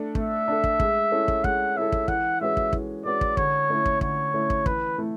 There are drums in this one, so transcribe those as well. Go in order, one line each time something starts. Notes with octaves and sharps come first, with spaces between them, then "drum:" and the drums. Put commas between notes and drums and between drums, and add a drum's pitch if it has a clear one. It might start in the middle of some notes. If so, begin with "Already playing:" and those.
Already playing: A3 D4 A4
A3 E5, drum: kick
D4 A4
drum: kick
G#3, drum: kick
C#4 E4 A4
drum: kick
G#3 F#5, drum: kick
C#4 E4 A4 E5
drum: kick
E3 F#5, drum: kick
G#3 C#4 F#4 B4 E5
drum: kick
E3, drum: kick
G#3 C#4 F#4 B4 D5
drum: kick
D3 C#5, drum: kick
A3 C#4 E4
drum: kick
D3 C#5, drum: kick
A3 C#4 E4
drum: kick
E3 B4, drum: kick
A3 E4